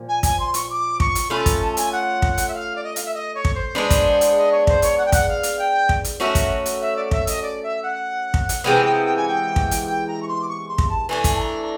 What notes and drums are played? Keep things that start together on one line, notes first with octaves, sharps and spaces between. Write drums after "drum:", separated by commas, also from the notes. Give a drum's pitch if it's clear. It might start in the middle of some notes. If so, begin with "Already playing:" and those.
Already playing: A#2 F3
G#5
G#5, drum: kick, hi-hat
C6
C#6, drum: hi-hat
D6
C#6, drum: kick
drum: hi-hat
A3 C#4 F4 B5
A#5, drum: kick, hi-hat
A5
A5
G#5, drum: hi-hat
F#5
drum: kick
drum: hi-hat
E5
F5
D5
D#5
F5, drum: hi-hat
E5
D#5
C#5
drum: kick
C5
G#3 B3 D4
drum: kick, hi-hat
drum: hi-hat
D#5
C#5
C5, drum: kick
C#5, drum: hi-hat
F#5
G5
F#5, drum: kick, hi-hat
F5
drum: hi-hat
G5
drum: kick
drum: hi-hat
A3 C#4 F#4 A#4 E5
drum: kick, hi-hat
drum: hi-hat
E5
D5
E5, drum: kick
D#5, drum: hi-hat
D5
E5
F#5
drum: kick
drum: hi-hat
C3 E3 G#3 B3 G5
G5
G5
G#5
G5
drum: kick
drum: hi-hat
G5
A#5
C#6
C6
D6
C#6
C6
drum: kick
A5
E3 A3 D4 G#5
drum: kick, hi-hat
A5
A#5
A#5